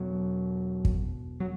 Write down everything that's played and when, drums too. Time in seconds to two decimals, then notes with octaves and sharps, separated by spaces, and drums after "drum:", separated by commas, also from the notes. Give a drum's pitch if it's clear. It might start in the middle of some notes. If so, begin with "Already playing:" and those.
Already playing: E2 B2 F#3
0.85 drum: kick
1.40 F#3